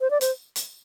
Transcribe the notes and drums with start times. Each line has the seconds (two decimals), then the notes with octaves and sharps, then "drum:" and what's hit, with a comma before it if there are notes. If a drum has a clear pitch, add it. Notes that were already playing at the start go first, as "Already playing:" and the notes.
0.01 C5
0.11 D5
0.21 C5, drum: hi-hat
0.56 drum: hi-hat